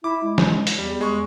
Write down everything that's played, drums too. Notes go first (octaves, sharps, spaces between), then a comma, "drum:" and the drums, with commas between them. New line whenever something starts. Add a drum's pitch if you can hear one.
E4 D6
G#3
drum: snare
drum: hi-hat
E2 G3
G#3 C#6